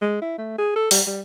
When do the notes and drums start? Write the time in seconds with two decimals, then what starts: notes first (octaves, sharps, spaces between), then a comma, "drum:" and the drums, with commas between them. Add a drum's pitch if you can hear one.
0.01 G#3
0.21 E4
0.38 A3
0.58 G#4
0.76 A4
0.91 G3, drum: open hi-hat
1.07 G3